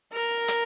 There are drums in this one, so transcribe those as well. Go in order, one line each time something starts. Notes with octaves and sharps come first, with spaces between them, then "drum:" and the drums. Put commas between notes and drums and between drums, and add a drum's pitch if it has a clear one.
A#4
drum: hi-hat